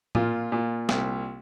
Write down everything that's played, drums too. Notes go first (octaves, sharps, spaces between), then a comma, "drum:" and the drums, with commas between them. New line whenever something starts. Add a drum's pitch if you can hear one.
A#2 F4, drum: tom A2
A#2
C2, drum: snare